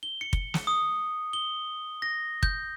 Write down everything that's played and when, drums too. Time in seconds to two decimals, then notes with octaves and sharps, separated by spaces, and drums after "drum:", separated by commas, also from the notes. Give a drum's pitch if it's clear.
0.03 G7
0.21 C#7
0.33 drum: kick
0.54 drum: snare
0.67 D#6
1.33 G7
2.02 A#6
2.43 G6, drum: kick